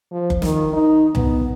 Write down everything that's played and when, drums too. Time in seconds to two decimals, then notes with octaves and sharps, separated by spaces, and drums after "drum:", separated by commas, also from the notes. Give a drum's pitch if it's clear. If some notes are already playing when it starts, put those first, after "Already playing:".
0.12 F3
0.30 drum: kick F#1
0.42 D#3, drum: snare
0.73 D#4
1.15 B3, drum: tom C2